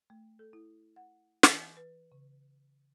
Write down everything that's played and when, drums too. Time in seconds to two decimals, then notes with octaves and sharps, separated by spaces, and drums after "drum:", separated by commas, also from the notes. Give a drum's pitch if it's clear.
0.10 A3
0.39 A4
0.53 E4
0.96 F#5
1.43 E3, drum: snare
1.77 B4
2.12 C#3